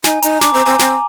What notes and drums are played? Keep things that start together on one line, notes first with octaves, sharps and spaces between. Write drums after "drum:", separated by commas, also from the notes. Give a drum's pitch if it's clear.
D#4 G#5, drum: snare
D#4 A#5, drum: hi-hat
D4 D6, drum: snare
C4 A#5
C4 G#5
C4, drum: snare